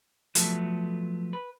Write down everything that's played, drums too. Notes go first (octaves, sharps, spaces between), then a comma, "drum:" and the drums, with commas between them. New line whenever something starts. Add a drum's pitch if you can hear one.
F3 F#3 A3 B3 A4, drum: hi-hat
B4